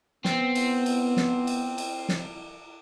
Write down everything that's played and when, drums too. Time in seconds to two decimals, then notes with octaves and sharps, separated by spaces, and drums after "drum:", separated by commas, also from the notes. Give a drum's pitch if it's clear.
0.25 B3 C4, drum: snare
0.55 drum: cymbal
0.86 drum: cymbal
1.17 drum: snare
1.47 drum: cymbal
1.78 drum: cymbal
2.09 drum: snare